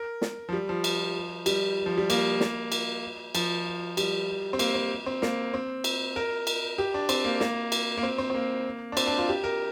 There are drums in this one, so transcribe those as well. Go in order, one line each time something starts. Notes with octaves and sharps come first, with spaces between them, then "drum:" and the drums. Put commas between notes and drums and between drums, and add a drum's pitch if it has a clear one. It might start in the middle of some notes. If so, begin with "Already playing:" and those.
Already playing: A#4
drum: snare
F3
G3
F3
drum: cymbal
G3, drum: cymbal
F3
G3
A#3, drum: cymbal
drum: snare
drum: cymbal
F3, drum: cymbal
G3, drum: cymbal
C4
A#3, drum: cymbal
C4
C4
A#3, drum: snare
C4
drum: cymbal
A#4
drum: cymbal
G4
D4
C4, drum: cymbal
A#3
A#3, drum: snare
drum: cymbal
A#3
C4
C4
C4
A#3
D4
C4, drum: cymbal
D4
F4
G4
A#4